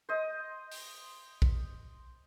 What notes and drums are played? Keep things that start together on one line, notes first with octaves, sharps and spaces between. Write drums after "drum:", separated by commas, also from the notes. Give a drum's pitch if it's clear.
C5 D#5
drum: open hi-hat
drum: kick A#1